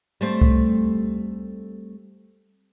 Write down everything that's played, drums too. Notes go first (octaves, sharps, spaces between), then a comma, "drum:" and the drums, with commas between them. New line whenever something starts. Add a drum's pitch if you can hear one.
G3 A3 C4, drum: hi-hat
drum: kick C2